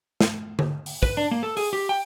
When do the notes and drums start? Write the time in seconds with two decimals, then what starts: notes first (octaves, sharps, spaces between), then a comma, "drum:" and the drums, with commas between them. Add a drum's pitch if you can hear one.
0.21 drum: snare
0.59 drum: tom D3
0.86 drum: open hi-hat
1.03 B4, drum: kick
1.17 D4
1.31 A#3
1.43 A4
1.57 G#4, drum: open hi-hat
1.73 G4
1.89 G5